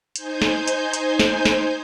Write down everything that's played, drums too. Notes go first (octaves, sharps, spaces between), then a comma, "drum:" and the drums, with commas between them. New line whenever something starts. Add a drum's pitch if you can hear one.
D#4 C5 G#5 G6, drum: hi-hat
drum: snare
drum: hi-hat
drum: hi-hat
drum: snare
drum: snare